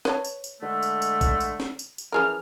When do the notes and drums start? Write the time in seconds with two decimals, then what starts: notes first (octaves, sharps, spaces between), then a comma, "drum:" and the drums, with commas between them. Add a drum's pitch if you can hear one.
0.05 B4 C#5 A5, drum: snare
0.25 drum: tambourine
0.44 drum: tambourine
0.60 D3 G#3 A3
0.82 drum: tambourine
1.02 drum: tambourine
1.21 drum: kick, tambourine
1.40 drum: tambourine
1.60 drum: snare
1.79 drum: tambourine
1.98 drum: tambourine
2.12 E3 F3 C#4 G#4 A#4 F6